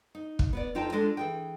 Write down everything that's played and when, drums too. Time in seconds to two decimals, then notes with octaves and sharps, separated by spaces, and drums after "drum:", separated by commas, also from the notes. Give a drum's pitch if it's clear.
0.15 D#4
0.39 drum: kick
0.53 B3 B4 D5
0.75 F2 D#4 F4 G5 A5
0.92 G#3 D4 F4 A4 D#5
1.17 E3 G#4 G5